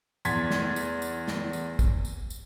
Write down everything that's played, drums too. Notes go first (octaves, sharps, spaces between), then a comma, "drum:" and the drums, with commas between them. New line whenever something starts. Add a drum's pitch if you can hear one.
E2 C6 G#6 A6 B6, drum: tambourine
drum: snare
drum: tambourine
drum: tambourine
drum: snare
drum: tambourine
drum: kick, tambourine
drum: tambourine
drum: tambourine